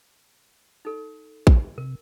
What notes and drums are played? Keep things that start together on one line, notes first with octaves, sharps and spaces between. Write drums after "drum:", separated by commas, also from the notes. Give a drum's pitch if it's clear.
D#4 A4
drum: kick
C3 A#4